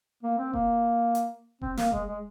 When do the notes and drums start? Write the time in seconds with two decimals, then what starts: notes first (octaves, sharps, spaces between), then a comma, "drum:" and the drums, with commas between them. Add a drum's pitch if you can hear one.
0.23 A#3
0.38 C4
0.53 A#3, drum: kick E1
1.15 drum: hi-hat
1.62 C4, drum: kick E1
1.77 A#3, drum: snare
1.92 G#3, drum: kick E1
2.08 G#3